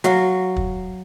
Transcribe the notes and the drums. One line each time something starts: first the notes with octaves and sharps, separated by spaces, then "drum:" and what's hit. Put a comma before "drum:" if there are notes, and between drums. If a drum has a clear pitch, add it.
F#3 F#4 F5, drum: hi-hat
drum: kick